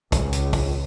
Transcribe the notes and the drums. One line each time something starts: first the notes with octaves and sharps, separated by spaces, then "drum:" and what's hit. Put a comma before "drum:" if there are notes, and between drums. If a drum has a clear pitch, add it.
C#2, drum: kick, hi-hat
drum: hi-hat
drum: kick, open hi-hat